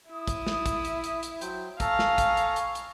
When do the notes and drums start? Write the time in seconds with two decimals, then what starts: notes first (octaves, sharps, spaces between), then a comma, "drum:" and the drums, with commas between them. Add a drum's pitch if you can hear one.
0.10 E4 D#6
0.28 drum: kick, hi-hat
0.47 drum: snare
0.66 drum: kick, hi-hat
0.85 drum: hi-hat
1.04 drum: hi-hat
1.23 drum: hi-hat
1.41 F#3 C5 G5, drum: hi-hat
1.80 A4 F5 G#5 A#5 C#6, drum: kick, hi-hat
1.99 drum: snare
2.18 drum: kick, hi-hat
2.37 drum: hi-hat
2.56 drum: hi-hat
2.75 drum: hi-hat